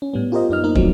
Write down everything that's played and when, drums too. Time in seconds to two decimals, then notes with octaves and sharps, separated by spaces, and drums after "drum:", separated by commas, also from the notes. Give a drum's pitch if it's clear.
0.02 C#4
0.14 A2 G3 B3
0.32 F4 G4 A#4 C5 D#5
0.50 F#2 B3 D#4 D#5 F6
0.64 A#3 D#4 A#4
0.75 D#2 F3 F#3 A3 C4 D#4, drum: kick